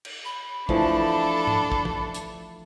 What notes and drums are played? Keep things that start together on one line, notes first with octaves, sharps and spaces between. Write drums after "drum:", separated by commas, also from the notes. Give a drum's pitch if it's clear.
drum: cymbal
B5
E3 F3 A3 D4 A4, drum: kick
drum: tom
drum: kick
drum: tom
drum: hi-hat